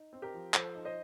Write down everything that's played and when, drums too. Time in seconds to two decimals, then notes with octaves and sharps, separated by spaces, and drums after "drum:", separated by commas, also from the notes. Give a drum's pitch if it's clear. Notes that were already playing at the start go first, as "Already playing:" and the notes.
Already playing: D#4
0.13 C4
0.22 G4 A#4
0.34 F3
0.54 F3 A4 C5, drum: clap
0.75 D#4
0.85 C5 D#5